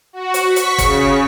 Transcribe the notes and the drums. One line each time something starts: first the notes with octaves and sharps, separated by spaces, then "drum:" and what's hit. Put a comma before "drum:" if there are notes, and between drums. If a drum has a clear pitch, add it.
F#4
drum: hi-hat
C#6 B6
drum: hi-hat
C#3, drum: kick G1, hi-hat